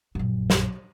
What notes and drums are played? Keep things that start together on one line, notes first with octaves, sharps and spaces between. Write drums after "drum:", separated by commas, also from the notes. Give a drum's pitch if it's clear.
A#1 F#2
drum: snare